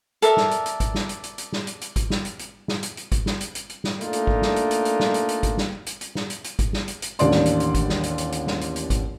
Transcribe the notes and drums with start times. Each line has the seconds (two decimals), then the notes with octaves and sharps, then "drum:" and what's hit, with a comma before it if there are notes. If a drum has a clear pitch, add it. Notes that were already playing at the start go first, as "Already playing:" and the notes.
0.22 A4 A#4 D5 E5, drum: hi-hat
0.37 drum: snare
0.51 drum: hi-hat
0.66 drum: hi-hat
0.80 drum: kick G#1, hi-hat
0.95 drum: snare
1.09 drum: hi-hat
1.24 drum: hi-hat
1.38 drum: hi-hat
1.52 drum: snare
1.67 drum: hi-hat
1.81 drum: hi-hat
1.96 drum: kick G#1, hi-hat
2.10 drum: snare
2.25 drum: hi-hat
2.39 drum: hi-hat
2.68 drum: snare
2.83 drum: hi-hat
2.97 drum: hi-hat
3.12 drum: kick G#1, hi-hat
3.26 drum: snare
3.41 drum: hi-hat
3.55 drum: hi-hat
3.69 drum: hi-hat
3.84 drum: snare
4.01 A3 A#3 D4 D#4 F4, drum: hi-hat
4.13 drum: hi-hat
4.27 drum: kick G#1
4.42 drum: snare
4.56 drum: hi-hat
4.71 drum: hi-hat
4.85 drum: hi-hat
5.00 drum: snare
5.14 drum: hi-hat
5.29 drum: hi-hat
5.43 drum: kick G#1, hi-hat
5.58 drum: snare
5.86 drum: hi-hat
6.01 drum: hi-hat
6.15 drum: snare
6.30 drum: hi-hat
6.44 drum: hi-hat
6.59 drum: kick G#1, hi-hat
6.73 drum: snare
6.88 drum: hi-hat
7.02 drum: hi-hat
7.19 A1 D#2 D4 D5 C6, drum: hi-hat
7.31 drum: snare
7.46 drum: hi-hat
7.60 drum: hi-hat
7.75 drum: kick G#1, hi-hat
7.89 drum: snare
8.03 drum: hi-hat
8.18 drum: hi-hat
8.32 drum: hi-hat
8.47 drum: snare
8.61 drum: hi-hat
8.76 drum: hi-hat
8.90 drum: kick G#1, hi-hat